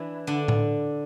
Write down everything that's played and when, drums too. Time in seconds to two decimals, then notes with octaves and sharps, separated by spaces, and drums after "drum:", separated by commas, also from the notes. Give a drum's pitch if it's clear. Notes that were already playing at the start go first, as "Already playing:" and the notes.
Already playing: E3 D4 E4
0.27 D3 D4
0.48 drum: tom A2